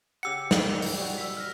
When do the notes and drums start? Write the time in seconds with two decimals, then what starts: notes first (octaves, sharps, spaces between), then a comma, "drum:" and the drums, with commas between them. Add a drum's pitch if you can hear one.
0.23 C#3 G4 F#5 E6 C#7
0.51 drum: snare
0.69 D#3 F7
0.82 drum: open hi-hat
0.98 G3 F#4
1.18 E6 B6
1.37 F6 A#6